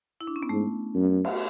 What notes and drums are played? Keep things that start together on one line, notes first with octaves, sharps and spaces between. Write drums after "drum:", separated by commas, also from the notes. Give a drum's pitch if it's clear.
E4
D4
C#4
B3
G#2 A3
F#2
drum: cymbal